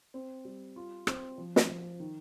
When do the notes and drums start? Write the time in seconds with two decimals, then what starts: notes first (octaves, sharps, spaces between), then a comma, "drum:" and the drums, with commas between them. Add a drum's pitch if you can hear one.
0.14 C4
0.45 G3
0.76 F4
1.07 C4, drum: rim click
1.38 F3
1.56 drum: snare
1.69 F3
2.00 D#3